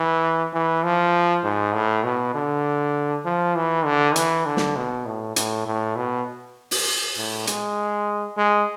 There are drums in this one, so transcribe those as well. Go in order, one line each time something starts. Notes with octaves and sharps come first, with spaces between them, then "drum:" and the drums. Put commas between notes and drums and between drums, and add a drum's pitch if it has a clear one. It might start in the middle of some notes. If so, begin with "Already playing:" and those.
Already playing: E3
E3
F3
G#2
A2
B2
D3
F3
E3
D3
E3, drum: hi-hat
D3
drum: snare
B2
A2
A2, drum: hi-hat
A2
B2
drum: open hi-hat
A2
G#3, drum: hi-hat
G#3